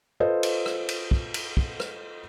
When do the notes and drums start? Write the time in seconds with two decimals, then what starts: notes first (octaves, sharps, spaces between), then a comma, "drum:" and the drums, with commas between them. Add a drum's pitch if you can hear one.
0.20 F4 A4 B4 C5 D#5
0.43 drum: cymbal
0.66 drum: rim click
0.89 drum: cymbal
1.11 drum: kick
1.34 drum: cymbal
1.57 drum: kick
1.80 drum: rim click